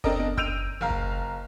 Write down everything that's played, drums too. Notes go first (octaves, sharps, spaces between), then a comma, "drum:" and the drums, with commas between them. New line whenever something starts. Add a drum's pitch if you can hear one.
C4 D4 A4 A#4 D#5, drum: kick F#1
drum: tom B3
E6 G6 D7 D#7 F7, drum: kick F#1
F#1 F5 A#5
drum: kick F#1